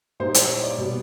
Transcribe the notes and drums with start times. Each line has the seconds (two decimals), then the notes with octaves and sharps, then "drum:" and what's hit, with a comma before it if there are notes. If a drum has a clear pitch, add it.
0.20 A#2 G3 A#3 D#4 C5
0.34 C5, drum: hi-hat
0.48 C#5
0.63 D5
0.78 B2 G3 B3